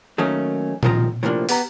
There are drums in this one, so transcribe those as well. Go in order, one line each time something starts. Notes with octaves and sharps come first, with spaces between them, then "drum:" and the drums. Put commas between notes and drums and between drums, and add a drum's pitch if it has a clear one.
D#3 F#3 A3 A#3 C#4
C2 D#3 F3 G#4 A#5, drum: tom A#2
A2 C3 F3 A#3 D4
B3 G4 A#5, drum: open hi-hat